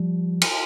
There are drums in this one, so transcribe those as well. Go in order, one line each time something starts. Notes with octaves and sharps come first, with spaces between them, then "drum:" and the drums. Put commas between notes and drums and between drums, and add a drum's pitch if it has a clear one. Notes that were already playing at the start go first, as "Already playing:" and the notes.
Already playing: F3 G3
drum: cymbal